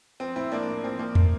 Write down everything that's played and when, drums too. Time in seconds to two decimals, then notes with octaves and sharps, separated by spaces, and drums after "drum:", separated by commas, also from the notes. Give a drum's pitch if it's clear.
0.20 F3 C4
0.36 A2 C4 E4
0.52 F3 A#3 D4
0.68 A2
0.84 F3 C4
0.99 F3 A#3
1.15 A2, drum: tom E2